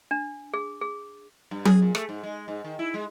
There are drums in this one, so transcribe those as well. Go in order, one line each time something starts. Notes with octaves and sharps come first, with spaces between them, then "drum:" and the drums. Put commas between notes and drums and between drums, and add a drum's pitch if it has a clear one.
D4
G#4
G#4
G2
G#4, drum: tom F#3
A#2
A3, drum: rim click
G#2
G#3
G#2
D#3
E4
G#3